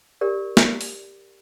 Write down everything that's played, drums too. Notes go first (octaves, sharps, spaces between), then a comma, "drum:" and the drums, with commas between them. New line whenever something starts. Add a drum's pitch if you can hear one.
G4 A#4 D5
drum: snare
drum: open hi-hat